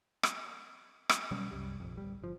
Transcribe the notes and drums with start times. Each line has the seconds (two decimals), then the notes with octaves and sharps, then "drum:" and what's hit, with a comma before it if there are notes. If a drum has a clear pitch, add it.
0.23 drum: rim click
1.09 drum: rim click
1.31 B2 F#3 G3 C#4
1.51 C2 F#2 G3
1.80 A#1 F2
1.97 D1 B1 G3
2.22 G1 F3